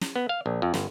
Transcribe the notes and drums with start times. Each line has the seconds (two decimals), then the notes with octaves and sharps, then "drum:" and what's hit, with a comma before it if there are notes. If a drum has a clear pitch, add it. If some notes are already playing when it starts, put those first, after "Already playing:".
0.01 drum: snare
0.16 B3
0.29 F5
0.46 A#1
0.62 F2
0.74 G1, drum: snare